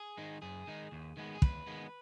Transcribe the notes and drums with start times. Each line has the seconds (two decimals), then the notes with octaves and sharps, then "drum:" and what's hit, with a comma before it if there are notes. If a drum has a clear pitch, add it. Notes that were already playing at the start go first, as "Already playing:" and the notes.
Already playing: G#4
0.17 D#3 G#3 D#4
0.42 F#2 G#4
0.67 D#3 G#3 D#4
0.92 D#2
1.17 D#3 G#3 B3
1.35 G#4
1.42 D#2 B4, drum: kick
1.66 D#3 G#3 B3